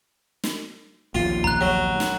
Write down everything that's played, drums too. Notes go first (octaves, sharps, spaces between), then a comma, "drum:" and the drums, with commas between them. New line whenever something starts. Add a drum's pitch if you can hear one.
drum: snare
A#1 D#2 A#2 F4
A#5 F#6, drum: kick
F#3
drum: snare